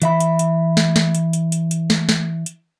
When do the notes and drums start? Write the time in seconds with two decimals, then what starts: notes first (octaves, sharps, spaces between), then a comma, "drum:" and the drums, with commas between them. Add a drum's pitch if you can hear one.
0.02 E3 E5 B5, drum: hi-hat
0.20 drum: hi-hat
0.39 drum: hi-hat
0.77 drum: snare
0.96 drum: snare
1.15 drum: hi-hat
1.33 drum: hi-hat
1.52 drum: hi-hat
1.71 drum: hi-hat
1.90 drum: snare
2.09 drum: snare
2.46 drum: hi-hat